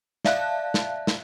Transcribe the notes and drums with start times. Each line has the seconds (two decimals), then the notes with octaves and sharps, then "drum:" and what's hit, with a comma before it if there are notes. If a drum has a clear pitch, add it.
0.25 D5 E5 F5 A5 F#6, drum: snare
0.74 drum: snare
1.07 drum: snare